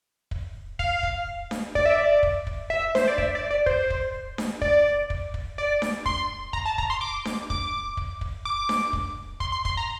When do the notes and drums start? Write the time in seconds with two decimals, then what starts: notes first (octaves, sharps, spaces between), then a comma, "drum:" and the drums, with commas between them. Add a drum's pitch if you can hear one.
0.31 drum: kick
0.79 F5, drum: kick
1.03 drum: kick
1.51 drum: snare D4
1.75 D5, drum: kick
1.86 E5
1.96 D5
2.23 drum: kick
2.47 drum: kick
2.70 E5
2.95 C5, drum: snare D4
3.08 D5
3.18 E5, drum: kick
3.35 D5
3.51 D5
3.66 C5, drum: kick
3.90 drum: kick
4.38 drum: snare D4
4.62 D5, drum: kick
5.10 drum: kick
5.34 drum: kick
5.58 D5
5.82 drum: snare D4
6.06 C6, drum: kick
6.53 A#5, drum: kick
6.65 A5
6.78 A#5, drum: kick
6.90 C6
7.01 D6
7.25 drum: snare D4
7.50 D6, drum: kick
7.97 drum: kick
8.21 drum: kick
8.45 D6
8.69 drum: snare D4
8.93 drum: kick
9.40 C6, drum: kick
9.52 C6
9.65 C6, drum: kick
9.77 A#5